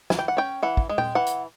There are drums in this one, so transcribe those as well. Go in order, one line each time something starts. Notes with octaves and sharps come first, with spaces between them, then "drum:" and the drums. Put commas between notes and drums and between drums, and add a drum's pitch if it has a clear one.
E3 G#5, drum: snare
G5
F#5
C#4 G5
E3 F#5
drum: kick
G#3
G5, drum: tom A#2
E3 F#5
drum: hi-hat